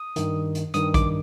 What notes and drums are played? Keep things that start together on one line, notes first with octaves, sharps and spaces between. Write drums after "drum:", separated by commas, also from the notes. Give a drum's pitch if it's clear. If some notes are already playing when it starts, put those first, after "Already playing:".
Already playing: D#6
G2 D#3, drum: hi-hat
drum: hi-hat
G2 D#3 D#6, drum: hi-hat
D6, drum: kick A#1, hi-hat